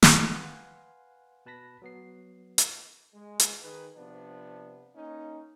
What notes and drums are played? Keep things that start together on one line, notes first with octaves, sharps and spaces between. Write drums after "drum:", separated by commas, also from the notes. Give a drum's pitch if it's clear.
C4 F4 F#4 G#4 A4 B4, drum: snare
B4 F5 F#5 G#5 C6
B2 B4 A5 B5 A#6 B6
F#3 B3 C7
drum: hi-hat
G#3
drum: hi-hat
D#3 D#4 G#4 B4
C3 F3 B3 D4
A#3 C#4 D#4